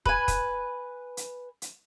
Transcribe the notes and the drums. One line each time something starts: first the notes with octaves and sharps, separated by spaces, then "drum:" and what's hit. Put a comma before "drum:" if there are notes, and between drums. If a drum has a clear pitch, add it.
B4 G#5, drum: kick
drum: kick, hi-hat
drum: hi-hat
drum: hi-hat